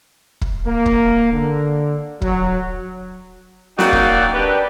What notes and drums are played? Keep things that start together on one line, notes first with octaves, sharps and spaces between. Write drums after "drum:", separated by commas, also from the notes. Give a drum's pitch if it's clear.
drum: kick
A#3
drum: kick
D3
F#3, drum: kick
F#3 A#3 D#4 F#4 D5 G5, drum: snare
drum: kick
C4 D4 G4 B4